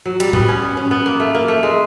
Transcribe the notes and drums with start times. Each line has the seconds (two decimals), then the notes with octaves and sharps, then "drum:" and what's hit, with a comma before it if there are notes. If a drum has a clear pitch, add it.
0.05 F#3
0.20 G3, drum: cymbal
0.33 B3, drum: tom A2
0.48 C#4
0.62 B3
0.77 C#4
0.91 B3
1.06 A#3
1.20 A3
1.35 A#3
1.48 A3
1.63 G#3